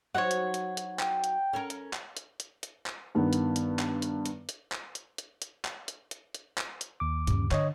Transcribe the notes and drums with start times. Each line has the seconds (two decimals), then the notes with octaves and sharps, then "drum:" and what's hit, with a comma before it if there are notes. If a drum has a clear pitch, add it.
0.14 F#3 D#4 C5 C#5 F#5
0.31 drum: hi-hat
0.54 drum: hi-hat
0.77 drum: hi-hat
0.99 G5, drum: clap
1.24 drum: hi-hat
1.53 C#4 A4 A#4
1.70 drum: hi-hat
1.93 drum: clap
2.17 drum: hi-hat
2.40 drum: hi-hat
2.63 drum: hi-hat
2.86 drum: clap
3.15 G2 D#3 B3
3.33 drum: hi-hat
3.56 drum: hi-hat
3.79 drum: clap
4.02 drum: hi-hat
4.26 drum: hi-hat
4.49 drum: hi-hat
4.72 drum: clap
4.95 drum: hi-hat
5.18 drum: hi-hat
5.42 drum: hi-hat
5.65 drum: clap
5.88 drum: hi-hat
6.11 drum: hi-hat
6.34 drum: hi-hat
6.58 drum: clap
6.81 drum: hi-hat
7.00 D#2 D6
7.27 G2 C#3, drum: hi-hat
7.51 D3 C#5 D#5, drum: clap